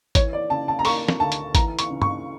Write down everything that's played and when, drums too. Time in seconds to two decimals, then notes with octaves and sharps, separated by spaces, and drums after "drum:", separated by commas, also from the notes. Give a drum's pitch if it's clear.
0.15 E3 C#5, drum: kick G#1, hi-hat
0.33 D5
0.50 C#3 A5
0.68 A5
0.79 A#5
0.85 A#3 C#6, drum: open hi-hat
1.09 drum: snare
1.20 D2 A5
1.32 drum: hi-hat
1.55 E3 A#5, drum: kick G#1, hi-hat
1.79 C#6, drum: hi-hat
1.90 C#3
2.02 C#6, drum: tom